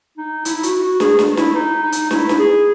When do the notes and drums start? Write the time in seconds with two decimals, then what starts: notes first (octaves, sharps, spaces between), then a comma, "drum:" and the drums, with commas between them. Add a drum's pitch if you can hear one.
0.18 D#4
0.45 E4, drum: hi-hat
0.55 E4
0.63 F#4, drum: hi-hat
0.82 F#4
1.00 G#4, drum: snare
1.19 drum: snare
1.37 E4, drum: snare
1.55 D#4
1.83 D#4
1.92 drum: hi-hat
2.11 E4, drum: snare
2.29 drum: snare
2.39 G#4